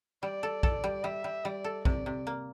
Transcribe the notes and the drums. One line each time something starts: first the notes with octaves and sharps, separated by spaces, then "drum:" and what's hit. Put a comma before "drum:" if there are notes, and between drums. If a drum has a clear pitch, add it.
G3 D5
A4
A4, drum: kick
G3
G3 E5
G3
G3 D5
A4
C3 D5, drum: kick
C3
A#3